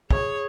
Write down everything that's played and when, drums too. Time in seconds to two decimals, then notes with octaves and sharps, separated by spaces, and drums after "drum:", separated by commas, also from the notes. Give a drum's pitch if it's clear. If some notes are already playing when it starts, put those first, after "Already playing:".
0.10 G#4 C#5, drum: kick